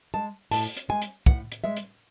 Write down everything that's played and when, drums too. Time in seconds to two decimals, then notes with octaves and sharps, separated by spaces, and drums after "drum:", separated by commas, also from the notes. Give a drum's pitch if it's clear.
0.14 G#3 A5
0.51 A2 A5, drum: open hi-hat
0.77 drum: hi-hat
0.89 G#3 G#5
1.02 drum: hi-hat
1.26 A2 F#5, drum: kick
1.52 drum: hi-hat
1.64 G#3 E5
1.77 drum: hi-hat